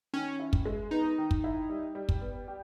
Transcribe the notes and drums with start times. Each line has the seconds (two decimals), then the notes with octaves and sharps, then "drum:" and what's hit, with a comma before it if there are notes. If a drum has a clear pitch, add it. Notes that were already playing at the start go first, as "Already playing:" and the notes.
0.14 D#3 C#4
0.40 E4
0.53 drum: kick
0.65 G#3
0.91 B3 D#4
1.18 D#3
1.31 drum: kick
1.44 E4
1.70 G3
1.95 G3
2.09 drum: kick
2.21 B3
2.48 G4